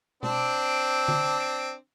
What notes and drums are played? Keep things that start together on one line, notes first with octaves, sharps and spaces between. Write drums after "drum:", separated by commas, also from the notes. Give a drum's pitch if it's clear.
C4 D4, drum: tom B2
drum: tom D3